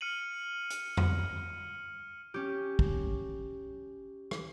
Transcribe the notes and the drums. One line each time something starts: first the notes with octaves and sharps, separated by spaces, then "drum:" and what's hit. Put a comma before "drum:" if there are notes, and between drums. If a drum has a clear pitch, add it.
F6 C#7 D#7 F#7
drum: hi-hat
drum: tom F2
C#4 G4
drum: kick
drum: rim click